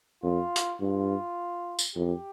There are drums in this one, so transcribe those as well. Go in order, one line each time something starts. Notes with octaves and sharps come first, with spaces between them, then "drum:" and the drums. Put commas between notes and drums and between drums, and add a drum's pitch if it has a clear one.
F2 F4
drum: hi-hat
G2 F4
drum: tambourine
F2 G4